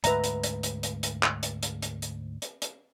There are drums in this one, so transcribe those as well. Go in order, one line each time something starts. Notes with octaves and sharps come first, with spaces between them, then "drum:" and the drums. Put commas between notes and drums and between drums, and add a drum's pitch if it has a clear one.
D2 G#2 B4 E5 A#5, drum: hi-hat
drum: hi-hat
drum: hi-hat
drum: hi-hat
drum: hi-hat
drum: hi-hat
drum: clap
drum: hi-hat
drum: hi-hat
drum: hi-hat
drum: hi-hat
drum: hi-hat
drum: hi-hat